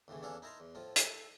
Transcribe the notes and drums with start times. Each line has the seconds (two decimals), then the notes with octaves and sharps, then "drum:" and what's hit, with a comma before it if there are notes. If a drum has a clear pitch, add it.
0.08 D#2 A2 C#3 E3
0.23 E2 E3 C#4 D4 A4 F5
0.42 D#4 E4 A#4 A5 A#5 C6
0.60 E2
0.75 A2 F3 F4
0.96 drum: hi-hat
1.06 A4 E5